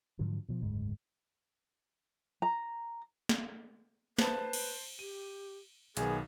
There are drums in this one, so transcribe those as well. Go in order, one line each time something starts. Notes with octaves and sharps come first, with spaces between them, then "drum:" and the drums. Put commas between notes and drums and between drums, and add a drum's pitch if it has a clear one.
G#2 D3 F3 F#3
B2 F3
F#1 D2 G#2 G#3
A#5
drum: snare
B4 C5 A5, drum: snare
drum: cymbal
G4 D#7
B1 D#3 B3 G#4, drum: hi-hat